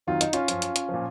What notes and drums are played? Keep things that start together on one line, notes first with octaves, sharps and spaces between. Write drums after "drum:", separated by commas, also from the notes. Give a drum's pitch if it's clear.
F2 D#3 F#3 F4
D#4, drum: hi-hat
C#4 F4, drum: hi-hat
F#2 F3, drum: hi-hat
drum: hi-hat
drum: hi-hat
A#2 F3